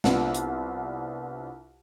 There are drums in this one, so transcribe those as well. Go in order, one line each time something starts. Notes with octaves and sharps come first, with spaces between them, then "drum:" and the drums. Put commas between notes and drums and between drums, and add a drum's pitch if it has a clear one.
C2 B3 D4 F4, drum: snare
drum: hi-hat